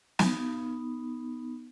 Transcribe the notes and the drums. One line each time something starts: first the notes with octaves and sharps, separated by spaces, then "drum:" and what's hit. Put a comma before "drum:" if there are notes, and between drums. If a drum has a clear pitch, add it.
B3 D#4, drum: snare